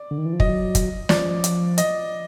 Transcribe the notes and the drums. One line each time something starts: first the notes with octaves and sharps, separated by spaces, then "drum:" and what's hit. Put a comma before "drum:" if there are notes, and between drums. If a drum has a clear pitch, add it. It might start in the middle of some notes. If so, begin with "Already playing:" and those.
Already playing: D5
D3
D#3
E3
F3
F#3 D#5, drum: kick
drum: kick, hi-hat
F3 D5, drum: snare
drum: hi-hat
D#5, drum: hi-hat